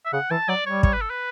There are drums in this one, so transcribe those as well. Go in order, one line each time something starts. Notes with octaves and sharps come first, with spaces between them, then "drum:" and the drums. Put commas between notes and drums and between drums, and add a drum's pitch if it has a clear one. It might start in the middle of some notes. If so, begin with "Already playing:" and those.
E5
C#3 F#5
E3 A5
F#3 D5
G3 C#5
C#5, drum: kick
B4
A4
B4